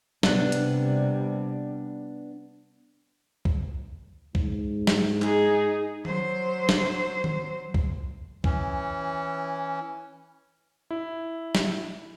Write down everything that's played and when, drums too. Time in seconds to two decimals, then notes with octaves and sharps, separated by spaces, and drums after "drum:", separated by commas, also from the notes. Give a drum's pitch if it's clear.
0.23 C3 G3 B3 D4, drum: snare
0.52 drum: hi-hat
3.45 drum: kick
4.35 G#2, drum: kick
4.87 drum: snare
5.22 D#4 G#4, drum: clap
6.05 F#3 C5, drum: tom D#3
6.69 drum: snare
7.24 drum: tom D#3
7.74 drum: kick
8.44 E3 C#4, drum: kick
10.91 E4
11.55 drum: snare